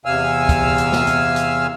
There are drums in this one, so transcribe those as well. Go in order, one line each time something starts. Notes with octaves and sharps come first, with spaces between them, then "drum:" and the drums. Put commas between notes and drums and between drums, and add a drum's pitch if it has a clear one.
E2 C3 F5 G#5 E6 F6
drum: kick, hi-hat
drum: hi-hat
drum: snare
drum: hi-hat
drum: hi-hat